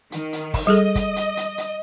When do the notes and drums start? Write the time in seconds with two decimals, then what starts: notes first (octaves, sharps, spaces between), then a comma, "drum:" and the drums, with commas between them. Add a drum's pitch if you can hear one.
0.12 D#3, drum: hi-hat
0.33 drum: hi-hat
0.54 drum: kick, open hi-hat
0.67 G3 G#4 A4 D#5
0.95 drum: kick, hi-hat
1.16 drum: hi-hat
1.37 drum: hi-hat
1.58 drum: hi-hat